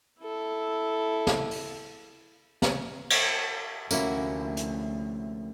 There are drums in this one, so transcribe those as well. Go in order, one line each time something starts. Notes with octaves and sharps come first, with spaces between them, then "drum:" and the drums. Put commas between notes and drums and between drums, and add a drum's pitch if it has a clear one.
E4 A4
drum: snare
drum: open hi-hat
drum: snare
drum: cymbal
D2 C3 F3 A3 A#3 C#4 E4 F#4, drum: tambourine
drum: hi-hat